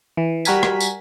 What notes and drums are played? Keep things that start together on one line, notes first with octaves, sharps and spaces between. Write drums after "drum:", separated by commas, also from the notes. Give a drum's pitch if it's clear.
E3
G3 F#4 A#4 G#5 B6, drum: tambourine
drum: rim click
drum: tambourine